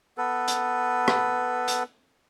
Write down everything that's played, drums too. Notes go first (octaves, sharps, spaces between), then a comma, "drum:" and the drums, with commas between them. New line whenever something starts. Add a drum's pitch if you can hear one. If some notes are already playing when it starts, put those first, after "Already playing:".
B3 A4 B4
drum: hi-hat
drum: rim click
drum: hi-hat